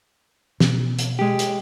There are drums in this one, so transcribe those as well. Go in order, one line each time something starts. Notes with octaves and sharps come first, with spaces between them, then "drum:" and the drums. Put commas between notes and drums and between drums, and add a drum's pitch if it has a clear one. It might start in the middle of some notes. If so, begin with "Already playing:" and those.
B2, drum: snare
drum: hi-hat
G#3 G4
drum: hi-hat